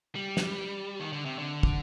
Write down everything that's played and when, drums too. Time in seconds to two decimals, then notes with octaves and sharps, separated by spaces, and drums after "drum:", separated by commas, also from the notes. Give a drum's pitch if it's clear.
0.15 G3
0.37 drum: snare
1.00 D#3
1.13 D3
1.25 C3
1.39 D3
1.63 drum: kick